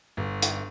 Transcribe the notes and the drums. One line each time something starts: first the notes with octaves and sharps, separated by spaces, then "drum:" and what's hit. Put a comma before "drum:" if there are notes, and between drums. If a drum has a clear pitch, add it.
G1
drum: hi-hat